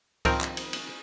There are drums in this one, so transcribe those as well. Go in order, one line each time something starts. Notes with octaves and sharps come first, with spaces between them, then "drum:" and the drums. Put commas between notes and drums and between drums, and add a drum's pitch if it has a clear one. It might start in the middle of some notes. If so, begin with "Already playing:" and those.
D#3 F3 C4 A#4, drum: kick C#2, cymbal
drum: clap
drum: cymbal
drum: cymbal